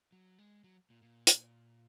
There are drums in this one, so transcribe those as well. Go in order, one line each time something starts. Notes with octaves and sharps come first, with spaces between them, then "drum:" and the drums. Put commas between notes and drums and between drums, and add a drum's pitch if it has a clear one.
F#3
G#3
F#3
A#2
A#2
drum: hi-hat